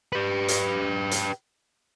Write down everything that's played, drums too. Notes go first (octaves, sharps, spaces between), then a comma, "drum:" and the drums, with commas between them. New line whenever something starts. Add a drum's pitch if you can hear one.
G4 B4
drum: hi-hat
drum: hi-hat